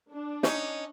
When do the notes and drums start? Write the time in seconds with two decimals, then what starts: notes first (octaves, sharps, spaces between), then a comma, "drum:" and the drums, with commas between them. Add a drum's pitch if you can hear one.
0.12 D4
0.43 C#4 D#4, drum: snare